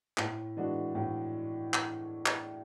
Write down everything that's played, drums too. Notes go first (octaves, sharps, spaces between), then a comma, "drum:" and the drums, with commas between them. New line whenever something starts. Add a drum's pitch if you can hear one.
A2, drum: clap
E3 G#3 D4 F#4
A2
drum: clap
drum: clap